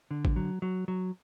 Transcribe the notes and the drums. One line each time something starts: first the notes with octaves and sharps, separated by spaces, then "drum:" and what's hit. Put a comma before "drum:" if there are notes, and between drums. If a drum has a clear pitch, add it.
D3
drum: kick
F#3
F#3
F#3